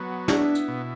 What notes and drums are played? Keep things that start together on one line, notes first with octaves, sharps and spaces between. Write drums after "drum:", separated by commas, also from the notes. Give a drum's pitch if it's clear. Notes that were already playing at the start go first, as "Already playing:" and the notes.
Already playing: F#3 B3
D4 E4, drum: snare
drum: hi-hat
B2